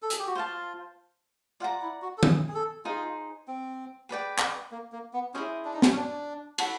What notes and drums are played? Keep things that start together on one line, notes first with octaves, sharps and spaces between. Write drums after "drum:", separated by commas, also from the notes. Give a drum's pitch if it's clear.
A4
G#4, drum: hi-hat
G4
F#4
F4 C5 F5 A5
F4 D5 F#5 A#5
E4
F#4
A4
G#4, drum: tom D#3
G#4
A4
D#4 F4 G#4 C5
C4
G#4 B4 D5 G5
drum: clap
A#3
A#3
B3
C#4 E4 G#4 C5 D#5
D4
D#4
D4, drum: snare
C#4
D4
A4 C#5 F#5 B5, drum: cymbal